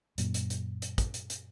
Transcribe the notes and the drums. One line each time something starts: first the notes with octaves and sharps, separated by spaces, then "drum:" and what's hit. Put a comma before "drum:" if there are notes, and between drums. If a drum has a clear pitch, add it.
F#2 A#2, drum: hi-hat
drum: hi-hat
drum: hi-hat
drum: hi-hat
drum: kick, hi-hat
drum: hi-hat
drum: hi-hat